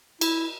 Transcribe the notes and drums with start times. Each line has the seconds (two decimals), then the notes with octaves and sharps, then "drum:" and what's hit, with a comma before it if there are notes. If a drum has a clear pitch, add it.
0.21 E4, drum: cymbal